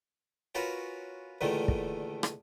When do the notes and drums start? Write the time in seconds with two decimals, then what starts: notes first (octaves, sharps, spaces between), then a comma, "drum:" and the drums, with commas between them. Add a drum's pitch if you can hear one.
0.55 C#4 F4 F#4 A#4 B4
1.41 E2 A#2 D3 D#3 A3
1.68 drum: kick
2.23 drum: rim click